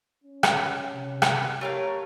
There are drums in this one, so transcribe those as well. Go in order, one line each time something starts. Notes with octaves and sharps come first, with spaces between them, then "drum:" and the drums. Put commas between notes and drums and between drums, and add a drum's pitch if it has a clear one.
C#4
drum: rim click
C3
drum: rim click
A3 G4 A#4 C#5 F5